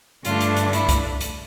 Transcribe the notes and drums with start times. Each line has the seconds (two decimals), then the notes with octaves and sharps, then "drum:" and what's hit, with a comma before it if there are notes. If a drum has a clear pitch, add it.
0.25 G2 D3 A3 D4 F4, drum: hi-hat
0.41 drum: hi-hat
0.57 drum: hi-hat
0.73 E4, drum: hi-hat
0.89 drum: kick C2, hi-hat
1.21 drum: hi-hat